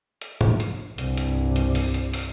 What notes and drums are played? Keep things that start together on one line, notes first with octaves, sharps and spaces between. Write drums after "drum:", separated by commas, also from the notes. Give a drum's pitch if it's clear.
drum: hi-hat
drum: tom G#2
drum: hi-hat
C2 G2, drum: hi-hat
drum: hi-hat
drum: hi-hat
drum: open hi-hat
drum: hi-hat
drum: open hi-hat